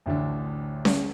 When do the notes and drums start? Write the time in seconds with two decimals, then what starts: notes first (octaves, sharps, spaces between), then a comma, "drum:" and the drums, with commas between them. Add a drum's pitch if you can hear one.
0.06 A1 D2 D3 D4
0.85 drum: snare C#4